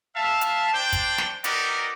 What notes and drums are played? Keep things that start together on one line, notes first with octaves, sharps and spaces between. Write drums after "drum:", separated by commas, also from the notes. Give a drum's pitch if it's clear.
E5 F5 A5
drum: hi-hat
D4 C5 G5
drum: kick, hi-hat
drum: snare
D#4 F#4 G4 A#4 B4 D5, drum: hi-hat